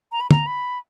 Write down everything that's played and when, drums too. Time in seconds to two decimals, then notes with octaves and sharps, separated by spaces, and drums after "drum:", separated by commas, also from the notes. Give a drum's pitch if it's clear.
0.12 A#5
0.21 B5
0.31 A#5, drum: tom
0.47 B5